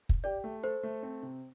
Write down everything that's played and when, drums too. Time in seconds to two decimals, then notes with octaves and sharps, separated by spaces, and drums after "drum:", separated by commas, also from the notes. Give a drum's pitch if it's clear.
0.09 drum: kick
0.24 G4 D5
0.44 A3
0.63 A4 C5
0.83 A3
1.03 C4
1.23 C3